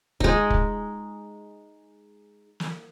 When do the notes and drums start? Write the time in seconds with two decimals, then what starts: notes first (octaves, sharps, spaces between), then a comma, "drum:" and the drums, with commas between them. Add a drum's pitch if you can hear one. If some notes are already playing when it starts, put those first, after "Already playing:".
0.20 G#3 D#4, drum: kick
0.50 drum: kick
2.60 drum: snare